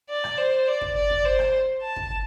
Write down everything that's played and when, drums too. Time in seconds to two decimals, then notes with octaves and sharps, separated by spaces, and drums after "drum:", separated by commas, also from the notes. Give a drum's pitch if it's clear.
0.09 D5
0.24 drum: rim click
0.38 C5
0.67 D5
0.81 drum: kick
0.95 D5
1.10 drum: kick
1.25 C5
1.39 drum: rim click
1.82 A5
1.96 drum: kick